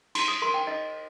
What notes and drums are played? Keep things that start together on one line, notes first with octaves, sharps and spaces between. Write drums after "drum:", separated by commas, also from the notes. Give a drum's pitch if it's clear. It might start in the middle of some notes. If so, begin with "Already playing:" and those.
D#4 C6, drum: cymbal
D#6
A#4 C6
G5
D#4 D#5